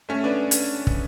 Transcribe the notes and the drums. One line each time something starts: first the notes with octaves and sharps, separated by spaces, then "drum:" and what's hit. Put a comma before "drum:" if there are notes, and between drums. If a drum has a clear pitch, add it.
A3 C#4
B3 D4
drum: hi-hat
drum: kick